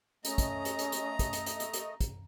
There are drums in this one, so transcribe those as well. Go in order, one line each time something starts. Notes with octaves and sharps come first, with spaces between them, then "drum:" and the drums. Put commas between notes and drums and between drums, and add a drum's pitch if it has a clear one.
A3 C#4 D#5 A#5, drum: hi-hat
drum: kick, hi-hat
drum: hi-hat
drum: hi-hat
drum: hi-hat
drum: kick, hi-hat
drum: hi-hat
drum: hi-hat
drum: hi-hat
drum: hi-hat
drum: kick, hi-hat